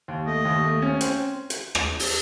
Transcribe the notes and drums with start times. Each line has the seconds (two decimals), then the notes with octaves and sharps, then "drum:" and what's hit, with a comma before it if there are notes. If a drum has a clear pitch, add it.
0.08 D#2
0.26 A3 D#5
0.45 D#2
0.64 A3
0.82 C#4
1.01 C4, drum: hi-hat
1.50 drum: hi-hat
1.75 drum: rim click
1.99 drum: open hi-hat